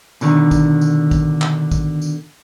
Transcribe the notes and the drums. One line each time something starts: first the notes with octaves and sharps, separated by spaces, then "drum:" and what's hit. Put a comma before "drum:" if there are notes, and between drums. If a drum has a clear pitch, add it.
B2 D3 D#3, drum: tambourine
drum: kick, tambourine
drum: tambourine
drum: kick, tambourine
drum: clap
drum: kick, tambourine
drum: tambourine